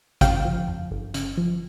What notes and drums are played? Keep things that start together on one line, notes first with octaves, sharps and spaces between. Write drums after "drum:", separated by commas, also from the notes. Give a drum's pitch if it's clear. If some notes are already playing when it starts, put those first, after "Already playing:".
C#3 F5 G5, drum: kick, hi-hat
F3
F2
G1
C#3, drum: hi-hat
F3